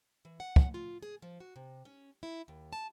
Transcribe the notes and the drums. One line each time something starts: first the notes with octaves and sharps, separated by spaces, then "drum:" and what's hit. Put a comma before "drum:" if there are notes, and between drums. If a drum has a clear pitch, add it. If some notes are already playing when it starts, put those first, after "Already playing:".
E3
F#5
drum: kick
F4
G#4
F3
F#4
C3
C#4
E4
D#2
A5